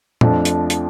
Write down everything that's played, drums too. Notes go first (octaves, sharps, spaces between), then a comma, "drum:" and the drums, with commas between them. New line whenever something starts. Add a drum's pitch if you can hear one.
F2 F3 A3 D4, drum: tom
drum: hi-hat
drum: hi-hat